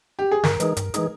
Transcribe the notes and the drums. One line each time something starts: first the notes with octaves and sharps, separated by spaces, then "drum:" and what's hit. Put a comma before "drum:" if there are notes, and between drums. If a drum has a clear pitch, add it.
G4
G#4
G2 A#4, drum: snare
E3 G#3 D#4 G#4, drum: hi-hat
G2, drum: hi-hat
E3 G#3 D#4 G#4, drum: hi-hat